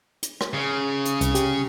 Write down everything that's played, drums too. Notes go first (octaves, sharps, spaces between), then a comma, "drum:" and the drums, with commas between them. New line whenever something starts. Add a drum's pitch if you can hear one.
drum: hi-hat
drum: rim click
C#3
drum: hi-hat
C2, drum: hi-hat
G4, drum: hi-hat